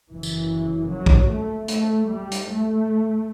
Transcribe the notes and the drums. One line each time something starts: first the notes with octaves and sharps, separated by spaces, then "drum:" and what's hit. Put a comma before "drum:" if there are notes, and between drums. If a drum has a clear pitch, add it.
F#1 F#2 C#3 E3
drum: tambourine
F#3
drum: kick
A3
A3, drum: hi-hat
G3
drum: hi-hat
A3